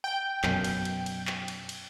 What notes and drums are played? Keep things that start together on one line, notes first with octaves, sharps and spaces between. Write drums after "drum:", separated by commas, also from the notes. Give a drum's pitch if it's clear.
G5
F#2 B2, drum: clap
drum: cymbal
drum: cymbal
drum: cymbal
drum: clap
drum: cymbal
drum: cymbal